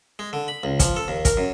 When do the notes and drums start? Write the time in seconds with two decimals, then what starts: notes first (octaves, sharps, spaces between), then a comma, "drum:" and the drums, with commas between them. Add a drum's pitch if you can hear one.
0.19 G#3
0.33 D3
0.48 B5
0.64 C#2
0.80 F3, drum: kick, hi-hat
0.96 A4
1.08 D#2
1.25 A#4, drum: kick, hi-hat
1.37 F#2